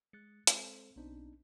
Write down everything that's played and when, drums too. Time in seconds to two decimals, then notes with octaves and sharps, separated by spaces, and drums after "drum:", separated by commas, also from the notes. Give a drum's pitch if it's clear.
0.13 G#3 F#6 A6 C#7
0.47 G#3 C4 A4 C5, drum: hi-hat
0.96 B1 B3 C4 D4 D#4